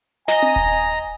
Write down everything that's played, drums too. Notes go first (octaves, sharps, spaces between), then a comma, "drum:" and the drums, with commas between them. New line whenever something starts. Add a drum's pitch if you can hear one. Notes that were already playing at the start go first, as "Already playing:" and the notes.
D#5 G#5 A#5, drum: snare
drum: tom C4
drum: kick D#1